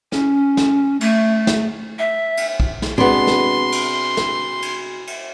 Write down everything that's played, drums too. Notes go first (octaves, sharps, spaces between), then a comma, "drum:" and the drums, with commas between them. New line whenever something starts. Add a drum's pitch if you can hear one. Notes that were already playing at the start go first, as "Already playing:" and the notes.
C#4, drum: snare
drum: snare
A3, drum: cymbal
drum: snare
E5
drum: cymbal
drum: kick
drum: snare
C3 G#3 B3 D4 F#4 B5 C6
drum: snare
drum: cymbal
drum: snare
drum: cymbal
drum: cymbal